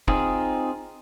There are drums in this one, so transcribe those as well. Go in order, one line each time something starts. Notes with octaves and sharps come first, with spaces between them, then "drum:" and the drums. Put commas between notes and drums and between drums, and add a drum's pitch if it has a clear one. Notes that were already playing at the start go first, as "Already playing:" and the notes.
C4 D#4 F4 G#4, drum: kick